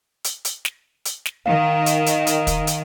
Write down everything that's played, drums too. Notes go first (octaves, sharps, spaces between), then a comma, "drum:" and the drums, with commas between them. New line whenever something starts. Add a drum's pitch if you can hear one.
drum: hi-hat
drum: hi-hat
drum: snare
drum: hi-hat
drum: snare
D#3 F5
drum: hi-hat
drum: hi-hat
drum: hi-hat
drum: kick, hi-hat
drum: hi-hat